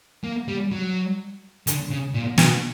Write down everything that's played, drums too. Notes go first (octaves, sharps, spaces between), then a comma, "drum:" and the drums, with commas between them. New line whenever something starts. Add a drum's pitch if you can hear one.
A#3
G3
F#3
D3, drum: hi-hat
C#3
A#2
B2, drum: snare